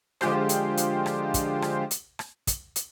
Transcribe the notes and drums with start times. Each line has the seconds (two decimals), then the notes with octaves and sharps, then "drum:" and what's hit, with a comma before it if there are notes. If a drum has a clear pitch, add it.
0.21 D3 F3 G#3 F4 G4 C5, drum: rim click
0.49 drum: hi-hat
0.77 drum: hi-hat
1.06 drum: rim click
1.34 drum: kick, hi-hat
1.62 drum: rim click
1.91 drum: hi-hat
2.19 drum: rim click
2.47 drum: kick, hi-hat
2.76 drum: hi-hat